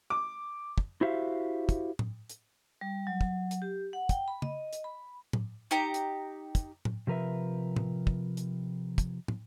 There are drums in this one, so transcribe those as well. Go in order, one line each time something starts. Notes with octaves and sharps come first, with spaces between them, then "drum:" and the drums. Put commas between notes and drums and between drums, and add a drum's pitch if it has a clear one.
D6
drum: kick
E4 F#4 G4 C5 E5 F5
drum: kick, hi-hat
drum: tom A2
drum: hi-hat
G3
F#3
drum: kick
drum: hi-hat
G4
F#5
G5, drum: kick, hi-hat
B5
D#5, drum: tom
drum: hi-hat
B5
drum: tom A2
D#4 G4 A#5
drum: hi-hat
drum: kick, hi-hat
drum: tom A2
C3 F3 A#4 B4 E5
drum: tom
drum: kick
drum: hi-hat
drum: kick, hi-hat
drum: tom